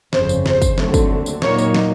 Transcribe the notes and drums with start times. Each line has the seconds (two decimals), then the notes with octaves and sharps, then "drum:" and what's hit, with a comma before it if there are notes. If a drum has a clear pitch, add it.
0.13 G1 F2 C#3 C5, drum: snare
0.29 drum: tambourine
0.46 C5, drum: snare
0.62 drum: kick, tambourine
0.78 D#2 D3 F#3 A3 C4, drum: snare
0.94 drum: kick, tambourine
1.26 drum: tambourine
1.42 A#2 F#3 A#3 D#4 C#5, drum: snare
1.58 drum: tambourine
1.74 drum: snare